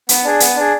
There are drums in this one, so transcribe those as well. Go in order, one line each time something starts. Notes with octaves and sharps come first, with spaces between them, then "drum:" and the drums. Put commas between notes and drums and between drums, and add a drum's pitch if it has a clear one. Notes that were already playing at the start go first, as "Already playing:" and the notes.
B3, drum: hi-hat
D4 G#4
B3, drum: hi-hat
D4 G#4